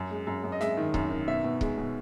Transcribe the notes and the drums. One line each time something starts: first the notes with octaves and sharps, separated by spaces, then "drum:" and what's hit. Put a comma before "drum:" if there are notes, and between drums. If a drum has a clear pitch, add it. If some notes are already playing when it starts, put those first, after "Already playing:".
Already playing: F#2
G#3
F#2
F#2
D#5
G#3 E5, drum: snare
D#3
F#2, drum: kick C#1
D#3
B2 E5
B2
G#3, drum: kick C#1
B2